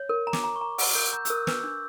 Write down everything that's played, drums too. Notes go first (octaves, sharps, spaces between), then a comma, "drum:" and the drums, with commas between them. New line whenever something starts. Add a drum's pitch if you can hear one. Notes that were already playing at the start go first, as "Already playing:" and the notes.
Already playing: C#5
A#4
A#5
D6, drum: snare
A#5
C#6
A#5
F#5 E6, drum: open hi-hat
A#4 G6
A#5 G6
E6, drum: hi-hat
A#4 F#6
B4 E6, drum: snare
D4